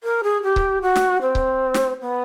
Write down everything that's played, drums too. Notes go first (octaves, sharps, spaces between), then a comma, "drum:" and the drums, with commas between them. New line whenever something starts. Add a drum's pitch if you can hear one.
A#4
G#4
G4
drum: kick C#1
F#4
drum: snare
C4
drum: kick C#1
drum: snare
B3